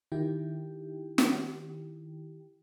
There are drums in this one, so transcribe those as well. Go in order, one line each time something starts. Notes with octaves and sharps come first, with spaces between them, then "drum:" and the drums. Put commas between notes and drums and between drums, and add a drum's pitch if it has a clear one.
D#3 E4 G4 G5
drum: snare